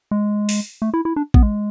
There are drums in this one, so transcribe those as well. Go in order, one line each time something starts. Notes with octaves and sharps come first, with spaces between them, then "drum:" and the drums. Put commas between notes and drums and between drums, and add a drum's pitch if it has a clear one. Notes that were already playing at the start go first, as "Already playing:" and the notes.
G#3
drum: open hi-hat
A3
E4
E4
D4
B3, drum: kick
G#3